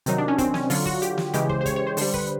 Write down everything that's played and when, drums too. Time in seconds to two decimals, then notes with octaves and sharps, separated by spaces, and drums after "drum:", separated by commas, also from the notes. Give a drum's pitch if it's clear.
0.06 C3 D#3 F#3 D#4, drum: hi-hat
0.18 D4
0.28 C#4
0.38 C4, drum: kick, hi-hat
0.54 C#4, drum: snare
0.70 D3 F#3 F4, drum: open hi-hat
0.86 F#4, drum: kick
1.02 G4, drum: hi-hat
1.18 drum: snare
1.34 C#3 E3 G#3 G4, drum: hi-hat
1.49 C5, drum: kick
1.61 C5
1.66 C#5, drum: kick, hi-hat
1.76 C#5
1.87 C5
1.97 D3 G3 C5, drum: open hi-hat
2.14 B4, drum: kick